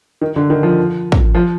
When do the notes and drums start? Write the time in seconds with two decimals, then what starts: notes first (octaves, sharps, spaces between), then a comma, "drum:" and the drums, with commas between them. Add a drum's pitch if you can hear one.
0.21 D#3
0.36 D3
0.50 D#3
0.63 F3
1.12 drum: kick
1.35 F3